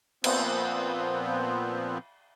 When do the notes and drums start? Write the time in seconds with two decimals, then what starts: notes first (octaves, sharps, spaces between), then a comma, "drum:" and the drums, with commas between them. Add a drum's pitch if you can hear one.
0.24 A#2 F3 B3 C4, drum: cymbal